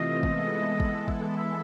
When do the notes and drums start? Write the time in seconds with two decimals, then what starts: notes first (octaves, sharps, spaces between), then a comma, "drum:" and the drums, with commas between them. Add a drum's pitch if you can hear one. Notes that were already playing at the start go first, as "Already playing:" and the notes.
Already playing: C3 E3 A3 C4 F4 D#5
0.23 E3 G#3 B3 E4 A4, drum: kick
0.80 drum: kick
1.08 drum: kick
1.36 E5